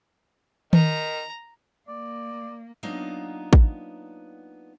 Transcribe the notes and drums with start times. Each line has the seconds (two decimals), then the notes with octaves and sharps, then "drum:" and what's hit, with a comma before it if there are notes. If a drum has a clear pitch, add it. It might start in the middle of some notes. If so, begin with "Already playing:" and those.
0.73 D#3 A#5, drum: tom D#3
1.89 A#3 D5
2.83 F#3 A#3 B3 D4 D#4 F4
3.53 drum: kick